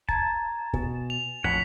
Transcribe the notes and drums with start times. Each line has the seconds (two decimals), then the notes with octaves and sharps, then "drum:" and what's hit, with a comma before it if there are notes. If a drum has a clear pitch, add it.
0.09 A5 A#5 G#6, drum: kick
0.74 B2 G#5, drum: kick
1.10 F7
1.44 A1 F2 C#5 F#5 B6